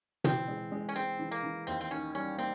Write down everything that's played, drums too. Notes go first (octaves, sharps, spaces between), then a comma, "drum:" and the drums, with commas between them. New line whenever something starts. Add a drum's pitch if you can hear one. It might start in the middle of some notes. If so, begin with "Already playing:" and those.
E3 C4, drum: tom
G#3
G#3
C#4
G#3 C4
E3
A#3
E3
D#2 C4
C4
D#3 C#4
G3 C#4
A#3 C4